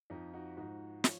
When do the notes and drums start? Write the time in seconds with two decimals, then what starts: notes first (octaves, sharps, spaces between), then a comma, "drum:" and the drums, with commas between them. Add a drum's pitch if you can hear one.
0.10 F2 F3 D#4
0.33 D#4 F#4
0.57 G#2 F3 D#4 F#4
1.04 F3 C#5, drum: snare